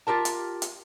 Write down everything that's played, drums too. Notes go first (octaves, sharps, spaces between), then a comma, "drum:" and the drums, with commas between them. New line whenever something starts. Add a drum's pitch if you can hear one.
F4 G4 A#4 A5
drum: hi-hat
drum: hi-hat